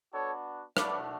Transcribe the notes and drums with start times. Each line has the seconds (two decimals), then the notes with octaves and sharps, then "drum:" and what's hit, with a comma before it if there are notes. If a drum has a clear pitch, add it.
0.13 B3 D4 F#4 A4 C#5
0.77 A3 D4 F#4 B4 D5, drum: rim click